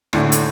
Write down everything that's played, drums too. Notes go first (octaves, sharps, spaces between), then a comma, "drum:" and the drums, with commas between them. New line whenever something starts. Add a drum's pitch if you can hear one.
D2 A2 D3 A3, drum: rim click
drum: hi-hat